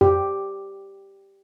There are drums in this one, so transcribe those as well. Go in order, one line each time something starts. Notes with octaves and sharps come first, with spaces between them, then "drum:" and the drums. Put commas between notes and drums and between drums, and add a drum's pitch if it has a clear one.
G4, drum: tom F2